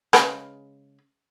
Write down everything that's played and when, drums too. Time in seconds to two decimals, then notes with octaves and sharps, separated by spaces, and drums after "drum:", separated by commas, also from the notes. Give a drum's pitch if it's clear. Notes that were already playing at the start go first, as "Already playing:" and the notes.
0.13 C#3 G#3 B4, drum: rim click